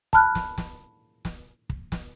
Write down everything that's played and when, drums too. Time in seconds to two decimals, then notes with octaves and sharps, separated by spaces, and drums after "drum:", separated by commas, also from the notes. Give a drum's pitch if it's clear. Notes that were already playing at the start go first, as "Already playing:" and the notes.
0.13 A5 B5 F6 F#6, drum: kick
0.35 drum: snare
0.58 drum: snare
1.25 drum: snare
1.69 drum: kick
1.92 drum: snare